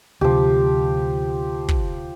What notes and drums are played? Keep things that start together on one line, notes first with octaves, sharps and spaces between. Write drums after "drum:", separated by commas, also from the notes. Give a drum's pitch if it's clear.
D2 C3 F3 G4
drum: kick